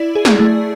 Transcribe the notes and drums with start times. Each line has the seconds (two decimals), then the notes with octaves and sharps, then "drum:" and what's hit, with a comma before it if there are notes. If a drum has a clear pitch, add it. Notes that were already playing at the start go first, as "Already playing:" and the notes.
Already playing: E4 D5
0.15 G#4
0.25 drum: snare
0.39 A3